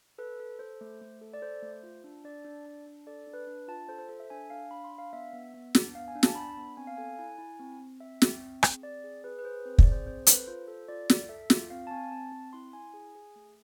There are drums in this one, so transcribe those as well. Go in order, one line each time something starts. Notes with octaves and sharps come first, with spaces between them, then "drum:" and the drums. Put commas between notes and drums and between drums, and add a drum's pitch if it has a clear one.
A4 B4
A4
A4 C5
A3
A3
A4
D5
A4 C5
A3
F4
D4
D4 D5
D4
D4
D4
A4 D5
D4
B4
D4
F4 A5
A4 C5
C5
A4
E5
D4 G#5
D4 F5
D4 B5
C6
D4
F5
B3 E5
B3
B3
D4, drum: snare
B3 F5
G#5
D4
A5, drum: snare
D4 B5
B3
C4 G#5
F5
A4 G#5
E4 G#5
E4
C4
C4
C4 E5
C4, drum: snare
C4
G#4, drum: rim click
C4 D5
G#4
G#4 B4
B4
G#4 C5
C4 C5
D5, drum: kick
G#4
C5
C4 C5
A4 B4, drum: hi-hat
F4 C5
A4
F4 D5
A4, drum: snare
A4 E5
F4, drum: snare
C4 F5
A5
C4 G#5
C4 A5
C4
E4 C6
E4 G#5
G#4
G#4
A3